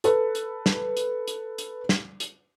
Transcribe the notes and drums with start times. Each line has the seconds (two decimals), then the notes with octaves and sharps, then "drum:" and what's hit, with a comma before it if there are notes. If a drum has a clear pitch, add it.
0.04 A4 B4, drum: hi-hat
0.35 drum: hi-hat
0.66 drum: snare
0.97 drum: hi-hat
1.28 drum: hi-hat
1.58 drum: hi-hat
1.89 drum: snare
2.20 drum: hi-hat